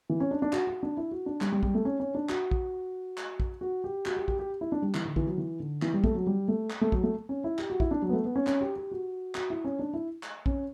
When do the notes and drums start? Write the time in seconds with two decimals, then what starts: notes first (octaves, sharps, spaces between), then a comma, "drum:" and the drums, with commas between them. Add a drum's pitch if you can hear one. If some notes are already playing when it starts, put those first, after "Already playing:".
0.10 E3
0.20 C#4
0.31 D4
0.42 D4
0.53 F#4, drum: clap
0.67 F#4
0.83 D4
0.97 E4
1.11 F#4
1.26 D4
1.41 G3, drum: clap
1.52 G3
1.63 G3, drum: kick A#1
1.75 A3
1.85 C#4
2.00 C#4
2.15 D4
2.29 F#4, drum: clap
2.51 drum: kick A#1
3.18 drum: clap
3.40 drum: kick A#1
3.61 F#4
3.84 G4
4.06 F#4, drum: clap
4.17 G4
4.28 G4, drum: kick A#1
4.39 G4
4.61 E4
4.72 D4
4.82 G3
4.95 E3, drum: clap
5.05 D3
5.16 E3, drum: kick A#1
5.26 F#3
5.38 E3
5.60 D3
5.82 E3, drum: clap
5.94 G3
6.04 A3, drum: kick A#1
6.15 F#3
6.27 G3
6.48 A3
6.70 drum: clap
6.81 A3
6.92 F#3, drum: kick A#1
7.03 A3
7.29 C#4
7.44 E4
7.59 G4, drum: clap
7.70 F#4
7.80 E4, drum: kick A#1
7.91 D4
8.02 F#3
8.09 B3
8.13 A3
8.25 B3
8.36 C#4
8.47 C#4, drum: clap
8.61 G4
8.76 G4
8.91 F#4
9.35 F#4, drum: clap
9.50 E4
9.65 C#4
9.79 D4
9.94 E4
10.23 drum: clap
10.46 C#4, drum: kick A#1